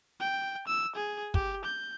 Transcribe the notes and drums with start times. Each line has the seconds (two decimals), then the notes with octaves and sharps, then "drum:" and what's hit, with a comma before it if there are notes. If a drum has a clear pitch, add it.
0.20 G5
0.68 E6
0.96 G#4
1.34 G4, drum: kick
1.65 G6